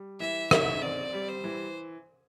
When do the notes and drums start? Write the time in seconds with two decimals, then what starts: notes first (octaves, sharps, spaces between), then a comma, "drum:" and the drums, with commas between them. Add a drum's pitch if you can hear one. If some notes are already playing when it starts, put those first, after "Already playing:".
Already playing: G3
0.20 E3 E5
0.51 D#4 E5, drum: rim click
0.82 C4 D5
1.13 G3
1.28 C5
1.44 E3